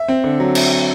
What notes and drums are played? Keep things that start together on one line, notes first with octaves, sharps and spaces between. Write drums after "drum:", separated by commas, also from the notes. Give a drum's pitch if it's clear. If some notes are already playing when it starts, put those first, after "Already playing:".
Already playing: E5
C4
D3
F#3
drum: cymbal